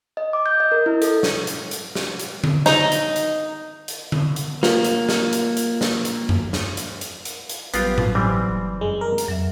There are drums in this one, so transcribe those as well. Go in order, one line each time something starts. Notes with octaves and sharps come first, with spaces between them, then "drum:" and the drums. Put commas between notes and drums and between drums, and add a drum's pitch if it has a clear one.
D#5
D6
G6
D#5
A#4
E4
A4, drum: hi-hat
drum: snare
drum: hi-hat
drum: hi-hat
drum: snare
drum: hi-hat
drum: tom D3
D#4, drum: snare
drum: hi-hat
drum: hi-hat
drum: hi-hat
drum: tom D3
drum: hi-hat
A#3 F4, drum: snare
drum: hi-hat
drum: snare
drum: hi-hat
drum: hi-hat
drum: snare
drum: hi-hat
drum: tom F#2
drum: snare
drum: hi-hat
drum: hi-hat
drum: hi-hat
drum: hi-hat
A1 F#3 G3 B3 F4 G4, drum: hi-hat
drum: tom A2
E3 F#3 G3 C4 G#5
F#1
F#2 G#3
A#4
drum: hi-hat
F2 F#3 E5